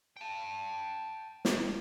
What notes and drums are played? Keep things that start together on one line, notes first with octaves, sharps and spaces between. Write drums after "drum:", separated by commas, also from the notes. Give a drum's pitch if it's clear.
G5 A5
drum: snare